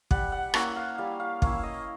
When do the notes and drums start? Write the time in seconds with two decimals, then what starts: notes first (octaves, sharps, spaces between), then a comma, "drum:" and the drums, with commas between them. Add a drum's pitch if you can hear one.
0.11 G3 F#5, drum: kick
0.32 F#5
0.54 A#3 C#4 E4 F#5, drum: rim click
0.76 F5
0.98 G3 F5
1.20 F5
1.42 A#3 C#4 E4 F5, drum: kick
1.63 D#5